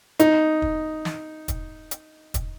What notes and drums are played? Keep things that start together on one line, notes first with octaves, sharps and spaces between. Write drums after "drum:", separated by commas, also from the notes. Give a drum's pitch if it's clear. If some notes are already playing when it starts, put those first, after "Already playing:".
D#4, drum: hi-hat
drum: kick
drum: snare
drum: kick, hi-hat
drum: hi-hat
drum: kick, hi-hat